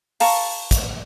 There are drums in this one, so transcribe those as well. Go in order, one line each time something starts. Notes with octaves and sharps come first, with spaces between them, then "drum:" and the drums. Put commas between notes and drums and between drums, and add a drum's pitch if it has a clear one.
F5 A5 A#5 C#6, drum: open hi-hat
drum: kick, hi-hat